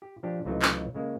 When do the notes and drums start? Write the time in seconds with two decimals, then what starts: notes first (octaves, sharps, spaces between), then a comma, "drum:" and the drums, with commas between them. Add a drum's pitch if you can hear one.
0.02 G4
0.23 F3 D4 G4
0.45 C#2 C3 E3 F#3 A3 D#4
0.62 drum: clap
0.95 C#3 G#3 A#3